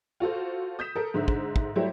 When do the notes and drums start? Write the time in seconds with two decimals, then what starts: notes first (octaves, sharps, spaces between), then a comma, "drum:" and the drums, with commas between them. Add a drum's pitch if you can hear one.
0.20 F4 F#4 A4 C5
0.79 D#6 G6 B6 E7
0.96 A4 A#4
1.14 G#2 D3 C5 E5
1.28 drum: kick
1.56 drum: kick
1.75 F#3 G3 A3 E4 G4 C5